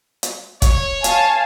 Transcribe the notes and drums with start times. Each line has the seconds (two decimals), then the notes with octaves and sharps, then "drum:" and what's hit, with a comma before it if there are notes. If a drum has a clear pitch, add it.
0.23 drum: hi-hat
0.62 C#5, drum: kick, hi-hat
1.04 F5 G#5 A5, drum: hi-hat